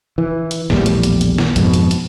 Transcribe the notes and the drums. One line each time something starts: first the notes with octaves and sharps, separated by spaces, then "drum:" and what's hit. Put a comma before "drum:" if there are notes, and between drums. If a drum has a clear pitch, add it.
E3
drum: hi-hat
A#1 E2 A2 G3, drum: snare
drum: hi-hat
drum: hi-hat
drum: hi-hat
drum: snare
F2 G#2 B2, drum: hi-hat
drum: hi-hat
drum: hi-hat